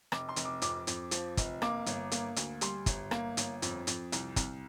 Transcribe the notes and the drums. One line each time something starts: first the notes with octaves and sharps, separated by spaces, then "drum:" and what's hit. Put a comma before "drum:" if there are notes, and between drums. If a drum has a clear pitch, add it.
F1 D6, drum: rim click
C6
F1, drum: hi-hat
D6
F2 D6, drum: hi-hat
F2, drum: hi-hat
F3, drum: hi-hat
F1, drum: kick, hi-hat
A#3 D6, drum: rim click
G1, drum: hi-hat
A#3, drum: hi-hat
D2, drum: hi-hat
G3 C6, drum: hi-hat
G1, drum: kick, hi-hat
A#3, drum: rim click
G1, drum: hi-hat
F2, drum: hi-hat
F2, drum: hi-hat
C2, drum: hi-hat
C2, drum: kick, hi-hat